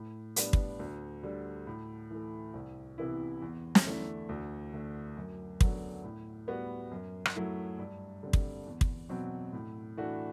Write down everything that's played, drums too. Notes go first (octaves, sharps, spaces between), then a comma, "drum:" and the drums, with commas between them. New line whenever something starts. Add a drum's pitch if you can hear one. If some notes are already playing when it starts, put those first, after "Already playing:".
Already playing: A2
G3 B3 D4, drum: hi-hat
drum: kick
D2
D3 G3
A2
E3 A3
C2
C3 E3 B3 E4
E2
drum: snare
D3 A3 E4
D2
D3 A3 D4
F#2
D3 F#3 B3, drum: kick
A2
G3 B3 F#4
F#2
drum: rim click
F#3 A3 E4
G2
D3 G3 C4
drum: kick
E2
drum: kick
B2 F#3 C4 F#4
A2
E3 A3 D4 F#4